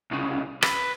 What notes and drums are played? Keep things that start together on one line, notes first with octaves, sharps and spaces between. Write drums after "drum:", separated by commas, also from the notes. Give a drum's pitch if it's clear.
C2 C#3
B4, drum: rim click